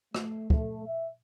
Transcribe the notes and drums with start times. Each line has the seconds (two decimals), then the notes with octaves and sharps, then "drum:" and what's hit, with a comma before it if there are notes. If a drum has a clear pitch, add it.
0.15 A3, drum: rim click
0.50 A3, drum: kick
0.86 E5